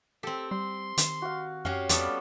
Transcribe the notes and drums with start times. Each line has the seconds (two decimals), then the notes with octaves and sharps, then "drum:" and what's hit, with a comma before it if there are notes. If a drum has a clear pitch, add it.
0.23 C4 G4 A4
0.51 G3 C6
0.98 D#3, drum: hi-hat
1.22 F#4 F5
1.65 F#2 C#4 F#4 G4 F5
1.89 F2 G3 B3 A4 D5 C#6, drum: hi-hat